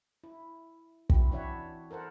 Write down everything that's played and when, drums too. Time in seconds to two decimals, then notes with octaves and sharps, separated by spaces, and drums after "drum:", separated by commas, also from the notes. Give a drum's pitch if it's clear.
0.24 E4
1.10 C4 E4 F#4, drum: kick
1.32 E3 D4 E4 C#5 E5 F#5
1.91 A4 A#4 C5 F#5